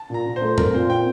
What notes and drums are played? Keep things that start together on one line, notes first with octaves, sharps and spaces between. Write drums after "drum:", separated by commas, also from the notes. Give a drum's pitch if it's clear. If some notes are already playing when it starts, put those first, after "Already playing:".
Already playing: A5
A#2 A#5
A#2
C5
A3
C4 A#4, drum: tom F2
A#2 C5
C4 G5